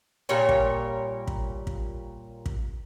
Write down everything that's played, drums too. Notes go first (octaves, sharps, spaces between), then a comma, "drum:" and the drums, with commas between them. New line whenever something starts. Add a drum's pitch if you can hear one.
A#2 G3 A#4 C#5
drum: kick
drum: kick
drum: kick
drum: kick